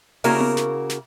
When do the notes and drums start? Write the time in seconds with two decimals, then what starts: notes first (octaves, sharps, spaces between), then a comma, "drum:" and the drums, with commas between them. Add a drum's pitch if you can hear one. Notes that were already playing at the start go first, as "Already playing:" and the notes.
0.24 C#3 A#3 E4 F#4 A#4, drum: open hi-hat
0.40 drum: tom B3
0.57 drum: snare
0.90 drum: snare